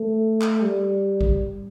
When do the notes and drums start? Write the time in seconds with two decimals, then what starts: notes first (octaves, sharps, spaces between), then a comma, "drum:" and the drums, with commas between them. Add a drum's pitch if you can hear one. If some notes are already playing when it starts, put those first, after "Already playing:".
Already playing: A3
0.42 drum: clap
0.62 G3
1.21 drum: kick G#1